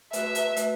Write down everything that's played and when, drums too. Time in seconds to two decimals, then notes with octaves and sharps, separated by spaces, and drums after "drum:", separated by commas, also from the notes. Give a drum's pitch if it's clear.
0.13 A3 F#4 B4 E5, drum: hi-hat
0.35 drum: hi-hat
0.56 A3 F#4 B4, drum: hi-hat